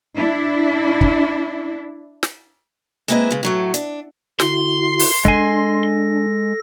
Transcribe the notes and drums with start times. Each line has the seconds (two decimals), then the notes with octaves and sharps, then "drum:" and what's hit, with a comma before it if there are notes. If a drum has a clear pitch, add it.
0.16 D4 E4
1.01 drum: kick
2.23 drum: snare
3.08 G#3 A#3 C4 E4 B4 D#5
3.31 C#3 G#3
3.43 A2 F#3 A3
3.74 D4, drum: hi-hat
4.40 D3 E4 F#4 C6, drum: snare
4.99 drum: open hi-hat
5.25 G#3 D4 A4 G#5 A#6, drum: kick